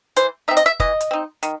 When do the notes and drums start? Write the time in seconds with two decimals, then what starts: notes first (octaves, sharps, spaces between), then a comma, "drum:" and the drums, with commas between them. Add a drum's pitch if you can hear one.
0.16 E3 C5, drum: hi-hat
0.48 C4 D#4 E5
0.57 D#5, drum: hi-hat
0.66 E5
0.80 E3 D#5, drum: kick
1.01 drum: hi-hat
1.11 C4 D#4
1.43 D#3, drum: hi-hat